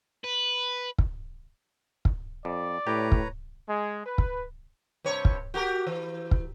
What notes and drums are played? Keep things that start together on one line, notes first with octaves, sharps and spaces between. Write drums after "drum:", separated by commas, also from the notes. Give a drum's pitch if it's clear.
B4
drum: kick
drum: kick
F2 D5
A2 G4 B4 C#5 A#5
drum: kick
G#3
B4
drum: kick
G2 C3 C#5
drum: kick
F#4 G4 A#4
E3
drum: kick